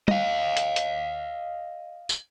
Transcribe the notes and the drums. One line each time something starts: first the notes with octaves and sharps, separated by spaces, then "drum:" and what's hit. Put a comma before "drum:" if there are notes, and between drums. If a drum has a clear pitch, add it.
D#5 F5, drum: tom
drum: hi-hat
drum: hi-hat
drum: tambourine